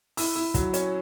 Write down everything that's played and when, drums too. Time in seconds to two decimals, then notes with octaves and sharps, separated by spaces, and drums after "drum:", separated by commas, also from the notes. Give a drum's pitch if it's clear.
0.17 E4 E6, drum: open hi-hat
0.36 E4
0.54 F#3, drum: kick, hi-hat
0.74 C#4, drum: hi-hat